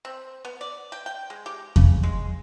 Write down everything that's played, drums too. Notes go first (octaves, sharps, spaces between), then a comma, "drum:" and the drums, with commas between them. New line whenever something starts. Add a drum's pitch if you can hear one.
C4
B3
D5
G5
G5
G#3
G4
C#3, drum: kick E2
G#3